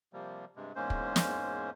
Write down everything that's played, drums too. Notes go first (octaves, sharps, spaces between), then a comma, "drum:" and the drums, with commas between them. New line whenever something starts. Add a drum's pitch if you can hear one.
C3 F3 G3 A#3
G2 C3 G#3
E2 G#2 G#3 A#3 C#4 C5
drum: kick
drum: snare